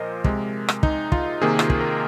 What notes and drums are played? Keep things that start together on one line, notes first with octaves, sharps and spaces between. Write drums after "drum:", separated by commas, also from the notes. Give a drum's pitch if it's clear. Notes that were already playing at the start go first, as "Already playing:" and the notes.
Already playing: A#2 F3 A#4 C5 D#5
C3 G#3, drum: kick
drum: rim click
D#4, drum: kick
F4, drum: kick
C3 D#3 A#3 G#4
F4, drum: rim click
G#4, drum: kick
A#4